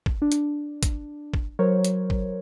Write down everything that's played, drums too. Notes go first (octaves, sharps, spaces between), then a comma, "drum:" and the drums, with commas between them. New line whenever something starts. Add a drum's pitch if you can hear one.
drum: kick
D4
drum: hi-hat
drum: kick, hi-hat
drum: kick
F#3 A#4 C5 C#5
drum: hi-hat
drum: kick